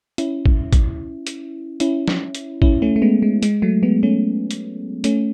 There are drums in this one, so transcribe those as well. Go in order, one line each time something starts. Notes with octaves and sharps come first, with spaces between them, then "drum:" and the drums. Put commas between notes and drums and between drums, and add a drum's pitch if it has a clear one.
C#4 E4, drum: hi-hat
drum: kick
drum: kick, hi-hat
drum: hi-hat
C#4 E4, drum: hi-hat
drum: snare
drum: hi-hat
C#4 E4, drum: kick
A3 C#4
A3
G#3 B3
G#3
G#3, drum: hi-hat
F#3 A3
G#3 B3
A3 C#4
drum: hi-hat
A3 C#4, drum: hi-hat